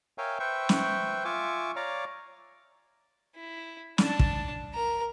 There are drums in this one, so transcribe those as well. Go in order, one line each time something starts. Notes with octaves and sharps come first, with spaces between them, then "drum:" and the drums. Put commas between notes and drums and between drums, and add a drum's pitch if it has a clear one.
A#4 C#5 E5 F5 G5 G#5
B4 C5 E5 G5 C#6
drum: snare
F4 E5 G#5 C#6 D6
C#5 D5 F5 A#5 D6
E4
D4 A5, drum: snare
drum: kick
A#4 A#5